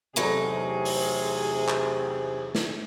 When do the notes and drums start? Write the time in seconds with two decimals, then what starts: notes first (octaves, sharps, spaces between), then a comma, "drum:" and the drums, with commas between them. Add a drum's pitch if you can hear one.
0.16 E2 A2 C3 F#3 D#4 G#4 A4
0.85 drum: open hi-hat
1.68 drum: clap
2.55 drum: snare